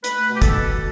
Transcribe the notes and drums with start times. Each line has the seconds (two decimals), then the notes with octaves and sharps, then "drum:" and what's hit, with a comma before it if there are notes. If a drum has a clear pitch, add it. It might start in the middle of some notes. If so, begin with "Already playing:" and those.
0.04 A3 B4, drum: hi-hat
0.29 B2
0.35 G4
0.42 A4, drum: kick, hi-hat
0.54 B2